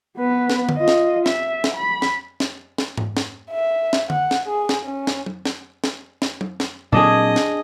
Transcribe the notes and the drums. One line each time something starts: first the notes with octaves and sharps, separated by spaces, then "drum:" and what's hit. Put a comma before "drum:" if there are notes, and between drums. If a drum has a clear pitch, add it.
B3 B4
drum: snare
drum: tom D3
F4 D#5
drum: snare
E5, drum: snare
drum: snare
B5
drum: snare
drum: snare
drum: snare
drum: tom G#2
drum: snare
E5
drum: snare
F#5, drum: tom D3
drum: snare
G#4
drum: snare
C#4
drum: snare
drum: tom F#3
drum: snare
drum: snare
drum: snare
drum: tom F#3
drum: snare
A#2 F#3 C4 D4 G#4 D#5
drum: snare